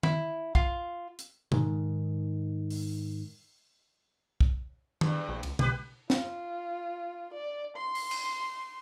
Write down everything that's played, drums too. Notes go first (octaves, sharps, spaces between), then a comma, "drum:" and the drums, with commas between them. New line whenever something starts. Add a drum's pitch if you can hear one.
E4, drum: tom
F4, drum: kick
drum: hi-hat
G#2 D#3, drum: tom B2
drum: open hi-hat
drum: kick
E2 G2, drum: tom
A#1
C#2, drum: cymbal
B1 G4 B4, drum: tom B2
F4, drum: snare
D5
C6
drum: open hi-hat
drum: cymbal